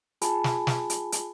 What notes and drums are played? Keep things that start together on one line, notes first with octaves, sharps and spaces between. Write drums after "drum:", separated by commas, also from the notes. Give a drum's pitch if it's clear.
F4 G#4 G#5 A5 B5, drum: hi-hat
drum: snare
drum: snare
drum: hi-hat
drum: hi-hat